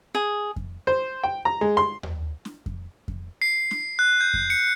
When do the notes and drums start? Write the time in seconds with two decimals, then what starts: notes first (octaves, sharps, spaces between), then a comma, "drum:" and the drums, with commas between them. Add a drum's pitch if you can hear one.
0.15 G#4
0.56 drum: kick F2
0.87 C5
1.23 G5
1.45 A#5
1.61 G#3
1.77 C6
2.03 drum: tom D#2
2.45 drum: snare
2.66 drum: kick F2
3.08 drum: kick F2
3.42 C7
3.71 drum: snare
3.99 F#6
4.21 G6
4.34 drum: kick F2
4.50 C#7